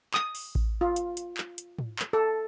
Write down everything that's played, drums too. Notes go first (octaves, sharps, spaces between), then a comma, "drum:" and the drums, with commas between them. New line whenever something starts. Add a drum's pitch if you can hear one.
D#6, drum: clap
drum: open hi-hat
drum: kick A1
F4
drum: hi-hat
drum: hi-hat
drum: clap
drum: hi-hat
drum: tom
drum: clap
A4